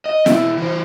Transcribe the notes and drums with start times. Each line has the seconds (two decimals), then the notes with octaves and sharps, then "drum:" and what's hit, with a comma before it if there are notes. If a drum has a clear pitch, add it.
0.06 D#5
0.26 B2 E4, drum: snare
0.58 E3 C5